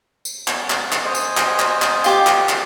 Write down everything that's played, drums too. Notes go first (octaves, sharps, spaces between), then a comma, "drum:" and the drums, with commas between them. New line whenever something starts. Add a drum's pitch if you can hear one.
drum: tambourine
drum: clap
drum: clap
drum: clap
C5 D#5 G#5
drum: tambourine
drum: clap
drum: clap
drum: clap
F4 G4 D6, drum: tambourine
drum: clap
drum: clap